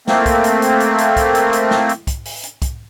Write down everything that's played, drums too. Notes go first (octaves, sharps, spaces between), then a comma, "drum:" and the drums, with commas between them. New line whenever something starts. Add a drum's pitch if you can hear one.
A3 A#3 C4, drum: snare
drum: kick, hi-hat
drum: hi-hat
drum: hi-hat
drum: hi-hat
drum: hi-hat
drum: kick, hi-hat
drum: hi-hat
drum: hi-hat
drum: snare
drum: hi-hat
drum: kick, hi-hat
drum: open hi-hat
drum: hi-hat
drum: kick, hi-hat